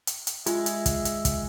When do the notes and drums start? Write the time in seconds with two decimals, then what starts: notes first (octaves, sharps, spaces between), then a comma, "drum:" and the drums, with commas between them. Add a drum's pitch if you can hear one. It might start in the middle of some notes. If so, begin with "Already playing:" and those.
0.07 drum: hi-hat
0.27 drum: hi-hat
0.46 G#3 F4 E5, drum: hi-hat
0.66 drum: hi-hat
0.86 drum: kick, hi-hat
1.05 drum: hi-hat
1.25 drum: kick, hi-hat